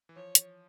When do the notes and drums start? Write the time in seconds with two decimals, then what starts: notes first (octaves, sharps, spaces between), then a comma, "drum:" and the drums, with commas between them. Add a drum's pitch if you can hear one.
0.09 E3
0.16 F3 C#5
0.35 drum: hi-hat